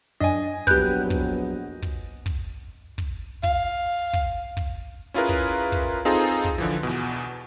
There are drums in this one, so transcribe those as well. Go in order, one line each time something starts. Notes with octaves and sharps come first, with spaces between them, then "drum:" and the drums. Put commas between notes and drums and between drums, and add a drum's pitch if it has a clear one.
F#2 D4 D#5 G#5
A#1 F#3 B3 G4 B4 F#6 G6, drum: kick
drum: kick
drum: kick
drum: kick
drum: kick
F5, drum: kick
drum: kick
drum: kick
C#4 E4 F4 G#4 A#4 B4
drum: kick
drum: kick
C4 D#4 F4 G#4 A4 A#5
drum: kick
D3 E3 F3
E2 B2